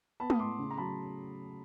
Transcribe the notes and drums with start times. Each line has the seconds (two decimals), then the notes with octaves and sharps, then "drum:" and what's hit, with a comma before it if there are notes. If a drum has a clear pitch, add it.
0.20 B3 A5 B5
0.30 D#6, drum: tom
0.39 A2 C6 D6
0.59 C#3
0.71 A#5
0.77 F#3 A5 B5